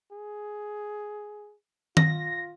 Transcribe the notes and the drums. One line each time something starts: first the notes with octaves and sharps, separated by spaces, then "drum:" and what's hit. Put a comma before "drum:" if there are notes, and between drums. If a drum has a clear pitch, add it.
G#4
F4 A#6, drum: tom D#3